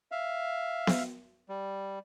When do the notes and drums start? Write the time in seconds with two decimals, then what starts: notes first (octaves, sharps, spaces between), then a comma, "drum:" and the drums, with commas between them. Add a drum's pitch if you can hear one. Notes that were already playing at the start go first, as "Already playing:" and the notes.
0.12 E5 F5
0.87 drum: snare B3
1.49 G3